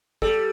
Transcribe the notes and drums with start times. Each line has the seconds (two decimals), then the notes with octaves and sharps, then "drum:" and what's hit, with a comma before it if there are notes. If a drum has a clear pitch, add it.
0.22 G3 A4, drum: kick